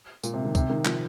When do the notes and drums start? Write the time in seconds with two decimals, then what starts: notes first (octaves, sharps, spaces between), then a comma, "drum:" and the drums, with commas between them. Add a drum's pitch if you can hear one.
0.23 A#2, drum: tambourine
0.34 C3
0.45 D#3
0.55 C3, drum: kick, tambourine
0.70 D#3
0.85 F3, drum: clap